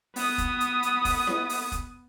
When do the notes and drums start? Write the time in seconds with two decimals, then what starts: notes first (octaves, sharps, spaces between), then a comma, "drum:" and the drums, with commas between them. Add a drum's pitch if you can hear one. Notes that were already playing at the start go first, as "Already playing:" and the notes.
0.16 B3 D#6, drum: open hi-hat
0.38 drum: kick, hi-hat
0.60 drum: hi-hat
0.83 drum: hi-hat
1.05 drum: kick, open hi-hat
1.27 drum: snare E4
1.49 drum: open hi-hat
1.72 drum: kick, hi-hat